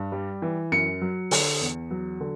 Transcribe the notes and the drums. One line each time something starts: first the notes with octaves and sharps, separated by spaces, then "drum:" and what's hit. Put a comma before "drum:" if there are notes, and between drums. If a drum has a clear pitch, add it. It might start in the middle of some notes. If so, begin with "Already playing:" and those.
Already playing: G2
G3
E3
F#2 C#7
F#3
D3, drum: open hi-hat
E2
F#3
D3